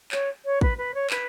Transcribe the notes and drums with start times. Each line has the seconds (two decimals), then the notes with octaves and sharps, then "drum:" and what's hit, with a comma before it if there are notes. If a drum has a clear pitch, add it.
0.12 C#5, drum: clap
0.45 C#5
0.61 B4, drum: kick
0.77 B4
0.94 C#5
1.10 B4, drum: clap